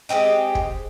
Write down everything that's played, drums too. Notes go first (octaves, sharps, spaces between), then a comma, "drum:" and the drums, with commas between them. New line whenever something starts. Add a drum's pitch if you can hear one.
G#3 C4 G4 D#5
drum: kick